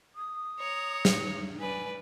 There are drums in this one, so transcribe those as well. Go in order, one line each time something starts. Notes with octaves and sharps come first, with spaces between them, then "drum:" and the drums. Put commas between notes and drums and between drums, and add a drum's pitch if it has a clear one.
D#6
C#5 A#5
drum: snare
B4 D5 G#5